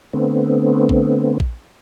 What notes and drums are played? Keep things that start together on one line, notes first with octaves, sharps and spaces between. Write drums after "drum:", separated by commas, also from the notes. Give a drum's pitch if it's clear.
D3 A3 B3 C4
drum: kick A#1
drum: kick A#1